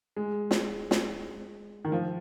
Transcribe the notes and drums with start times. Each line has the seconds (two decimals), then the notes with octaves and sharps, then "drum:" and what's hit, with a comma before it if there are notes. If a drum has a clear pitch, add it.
0.17 G#3
0.51 drum: snare
0.91 drum: snare
1.85 D#3
1.92 F3